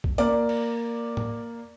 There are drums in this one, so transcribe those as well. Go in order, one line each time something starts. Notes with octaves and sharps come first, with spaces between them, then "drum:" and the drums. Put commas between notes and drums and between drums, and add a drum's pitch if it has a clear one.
drum: kick B1
A#3 D5, drum: hi-hat
drum: cymbal
drum: tom